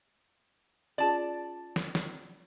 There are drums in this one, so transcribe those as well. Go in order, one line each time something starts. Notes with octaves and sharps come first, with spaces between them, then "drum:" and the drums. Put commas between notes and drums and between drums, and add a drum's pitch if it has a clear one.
C#4 F4 G#4 D5 A5
drum: snare
drum: snare